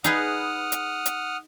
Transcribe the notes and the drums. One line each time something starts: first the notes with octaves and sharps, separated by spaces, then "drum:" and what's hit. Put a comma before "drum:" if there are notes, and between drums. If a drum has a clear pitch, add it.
D#4 G#4 B4 F#5 D#6 F6, drum: hi-hat
drum: hi-hat
drum: hi-hat